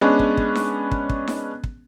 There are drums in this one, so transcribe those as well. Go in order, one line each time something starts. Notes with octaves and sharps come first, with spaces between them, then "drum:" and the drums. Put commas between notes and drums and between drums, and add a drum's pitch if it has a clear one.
G#3 B3 C#4 D4
drum: kick
drum: kick
drum: snare D#4
drum: kick
drum: kick
drum: snare D#4
drum: kick